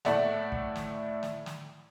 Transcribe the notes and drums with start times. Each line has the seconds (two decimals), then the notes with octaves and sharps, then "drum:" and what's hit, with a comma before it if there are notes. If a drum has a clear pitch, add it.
0.05 A2 A3 D5 E5 F#5, drum: snare
0.52 drum: kick
0.76 drum: snare
1.23 drum: snare
1.46 drum: snare